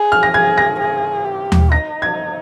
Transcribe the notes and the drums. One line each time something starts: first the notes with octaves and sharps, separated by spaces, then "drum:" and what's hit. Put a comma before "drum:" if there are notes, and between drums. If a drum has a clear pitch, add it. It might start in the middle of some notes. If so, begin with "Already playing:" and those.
Already playing: G#4
F6
A#6
G#4 G#6
A#6
G#4
G4
drum: tom D#2
D#4 A#6
G#6